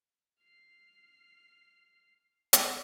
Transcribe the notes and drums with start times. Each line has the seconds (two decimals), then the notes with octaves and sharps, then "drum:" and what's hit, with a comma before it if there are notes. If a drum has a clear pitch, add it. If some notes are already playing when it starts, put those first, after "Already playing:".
0.40 F6 C7
2.53 drum: hi-hat